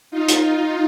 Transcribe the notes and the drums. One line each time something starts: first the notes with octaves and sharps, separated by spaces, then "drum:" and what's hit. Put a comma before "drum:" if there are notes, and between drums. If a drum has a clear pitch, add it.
D#4 F4
drum: hi-hat
D#4 F4